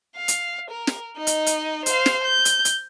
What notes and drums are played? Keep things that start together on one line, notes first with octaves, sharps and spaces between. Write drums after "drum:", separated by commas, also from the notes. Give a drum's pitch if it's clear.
F5
drum: hi-hat
A#4
drum: snare
D#4 D#5
drum: hi-hat
drum: hi-hat
C5 F5, drum: hi-hat
drum: snare
G6
drum: hi-hat
drum: hi-hat